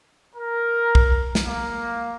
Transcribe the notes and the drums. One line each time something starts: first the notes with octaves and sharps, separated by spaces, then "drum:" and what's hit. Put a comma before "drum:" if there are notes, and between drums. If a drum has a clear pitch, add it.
A#4
drum: kick
drum: snare
A#3